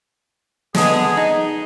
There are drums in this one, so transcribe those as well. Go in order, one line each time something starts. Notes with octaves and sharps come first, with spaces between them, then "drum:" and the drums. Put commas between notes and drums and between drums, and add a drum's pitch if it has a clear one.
D3 G#3 B3 G#4, drum: snare
D#4